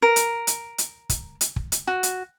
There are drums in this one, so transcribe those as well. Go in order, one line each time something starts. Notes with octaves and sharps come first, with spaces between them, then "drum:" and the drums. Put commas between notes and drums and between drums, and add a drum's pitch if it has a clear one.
A#4
drum: hi-hat
drum: hi-hat
drum: hi-hat
drum: kick, hi-hat
drum: hi-hat
drum: kick
drum: hi-hat
F#4
drum: hi-hat